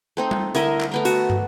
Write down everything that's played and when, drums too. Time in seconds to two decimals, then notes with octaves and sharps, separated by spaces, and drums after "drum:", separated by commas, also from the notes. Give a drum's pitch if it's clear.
0.17 A3 C4 D#4
0.31 drum: tom G3
0.55 D3 E4 A#4 D#5 E5, drum: hi-hat
0.80 drum: clap
0.91 A3 B3 A#4
1.05 F#4, drum: hi-hat
1.30 drum: tom